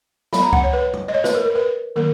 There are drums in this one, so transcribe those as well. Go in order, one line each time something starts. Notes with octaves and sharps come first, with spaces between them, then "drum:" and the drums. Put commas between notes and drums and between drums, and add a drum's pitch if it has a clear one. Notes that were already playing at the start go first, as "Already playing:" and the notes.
F#3 B3 B5, drum: snare
A#5
F#5, drum: kick C#2
C#5
B4
drum: tom
D#5
C#5
B4, drum: snare
A#4
A#4
B4
D#3 F#3 A#3 A#4